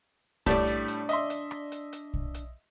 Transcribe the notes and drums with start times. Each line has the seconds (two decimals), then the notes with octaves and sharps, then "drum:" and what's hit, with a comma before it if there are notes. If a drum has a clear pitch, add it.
0.46 A2 G3 A3 D4 D5, drum: kick, hi-hat
0.67 drum: hi-hat
0.88 drum: hi-hat
1.09 D#5 E5 C6, drum: hi-hat
1.30 drum: hi-hat
1.51 drum: rim click
1.72 drum: hi-hat
1.93 drum: hi-hat
2.14 drum: kick
2.35 drum: hi-hat